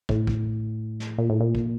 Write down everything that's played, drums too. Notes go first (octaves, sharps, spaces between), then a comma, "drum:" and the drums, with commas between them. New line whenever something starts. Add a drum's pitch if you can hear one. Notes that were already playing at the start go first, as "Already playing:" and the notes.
A2, drum: kick
drum: kick
drum: snare
A#2
A2
A#2
drum: kick